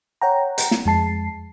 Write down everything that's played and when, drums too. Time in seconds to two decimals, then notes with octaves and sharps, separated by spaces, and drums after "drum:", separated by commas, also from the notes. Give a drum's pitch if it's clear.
0.21 C#5 F#5 G5 A#5
0.58 drum: hi-hat
0.71 drum: snare
0.85 F2 G#3 A5 C7